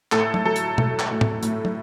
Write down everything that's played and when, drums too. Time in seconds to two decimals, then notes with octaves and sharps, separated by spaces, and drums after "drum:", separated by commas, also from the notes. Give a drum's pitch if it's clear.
0.12 A2 A4, drum: clap
0.34 drum: tom
0.45 F#3 A4
0.56 drum: hi-hat
0.78 A3, drum: tom
0.99 drum: clap
1.11 A2
1.21 drum: tom A2
1.43 A2, drum: hi-hat
1.65 drum: tom